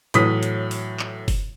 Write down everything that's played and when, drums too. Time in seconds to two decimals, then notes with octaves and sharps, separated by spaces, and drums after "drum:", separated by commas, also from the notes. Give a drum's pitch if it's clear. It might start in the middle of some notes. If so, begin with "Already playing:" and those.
0.14 A2 E3 F#3 D#6 B6, drum: hi-hat
0.43 drum: hi-hat
0.71 drum: open hi-hat
0.99 drum: clap
1.28 drum: kick F#1, open hi-hat